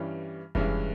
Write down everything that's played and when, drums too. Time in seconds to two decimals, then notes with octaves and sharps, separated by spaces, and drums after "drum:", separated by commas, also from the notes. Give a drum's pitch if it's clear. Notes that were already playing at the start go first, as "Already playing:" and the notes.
Already playing: G2 E3 G3 C#4
0.55 G2 E3 G#3 C#4 E4, drum: kick F1